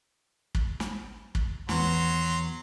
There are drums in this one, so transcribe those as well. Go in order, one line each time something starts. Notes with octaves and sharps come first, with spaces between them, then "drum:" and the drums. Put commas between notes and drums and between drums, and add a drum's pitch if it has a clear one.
drum: kick
drum: snare
drum: kick
E2 E3 F#3 B3 C6, drum: snare